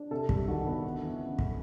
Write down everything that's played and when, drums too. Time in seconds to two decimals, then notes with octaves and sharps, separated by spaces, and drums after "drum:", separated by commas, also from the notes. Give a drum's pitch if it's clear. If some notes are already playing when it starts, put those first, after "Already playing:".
Already playing: D4
0.11 C3 A4
0.29 G3, drum: kick
0.48 D#3 F#4
0.66 B3
0.83 D2
1.02 E3
1.21 C#3
1.39 drum: kick